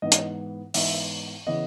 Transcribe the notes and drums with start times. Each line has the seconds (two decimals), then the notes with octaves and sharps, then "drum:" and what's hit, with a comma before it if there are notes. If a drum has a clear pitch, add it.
0.02 G#2 E3 B3 D#5
0.12 drum: hi-hat
0.74 G#2 E3 B3 E5, drum: open hi-hat
1.47 C#3 E3 B3 D#5